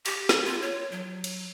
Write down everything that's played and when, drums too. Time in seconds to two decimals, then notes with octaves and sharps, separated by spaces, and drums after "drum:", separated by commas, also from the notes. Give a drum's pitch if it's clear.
0.06 G4, drum: cymbal
0.29 drum: snare
0.45 F4
0.62 C#5
0.92 F#3
1.24 drum: cymbal